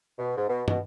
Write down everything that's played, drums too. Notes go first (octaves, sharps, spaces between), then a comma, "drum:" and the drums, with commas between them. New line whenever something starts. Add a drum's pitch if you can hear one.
B2
G#2
B2
B2, drum: tom